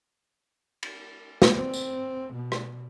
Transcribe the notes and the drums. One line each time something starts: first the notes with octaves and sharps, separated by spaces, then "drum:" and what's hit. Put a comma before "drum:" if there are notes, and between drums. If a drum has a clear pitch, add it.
drum: cymbal
drum: snare
C4
drum: tambourine
B2
drum: rim click